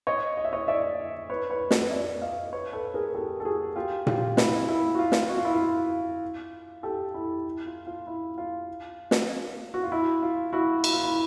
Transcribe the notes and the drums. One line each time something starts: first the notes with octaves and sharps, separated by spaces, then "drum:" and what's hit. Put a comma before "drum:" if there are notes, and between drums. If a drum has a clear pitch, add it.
C#5 D#5
D#5
E5
C#5 D#5
D5 E5
B4 C#5
B4 C#5
A4 B4, drum: snare
D5 E5
D#5 F5
B4 C#5
A4 B4
G#4 A#4
G4 A4
A4
F#4 G#4
F4 G4
F4 G4, drum: tom A#2
E4, drum: snare
E4
F#4
F4
drum: snare
F#4
F4
E4
F4
G4 A4
E4
F4
F4
E4
F4
drum: snare
F#4
F4
E4
F4
E4 F#4
E4, drum: cymbal
F4
E4